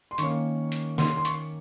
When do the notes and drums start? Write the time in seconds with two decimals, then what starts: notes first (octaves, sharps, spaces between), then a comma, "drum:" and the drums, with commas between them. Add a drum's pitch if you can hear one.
0.11 C6
0.18 D#3 A#3 C#4 C#6, drum: hi-hat
0.72 drum: hi-hat
0.98 C6, drum: snare
1.17 C6
1.25 C#6, drum: hi-hat